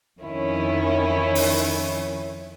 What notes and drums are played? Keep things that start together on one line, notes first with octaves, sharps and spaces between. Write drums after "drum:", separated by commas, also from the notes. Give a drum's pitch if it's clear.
F2 D#3 C#4 E4
drum: open hi-hat